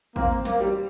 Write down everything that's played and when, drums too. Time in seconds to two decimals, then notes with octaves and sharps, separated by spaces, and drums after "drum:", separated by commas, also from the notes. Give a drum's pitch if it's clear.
0.16 A#3 C4, drum: kick A1
0.45 A#3, drum: snare
0.60 G3